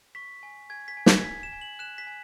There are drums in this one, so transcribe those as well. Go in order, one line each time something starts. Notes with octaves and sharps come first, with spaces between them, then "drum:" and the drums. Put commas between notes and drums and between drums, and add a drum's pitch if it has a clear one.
C#6 B6
G#5
G#5 G#6
B6
G#5
G#6, drum: snare
G#5 B6
E7
G#5
F#7
F#6 E7
B6
G#5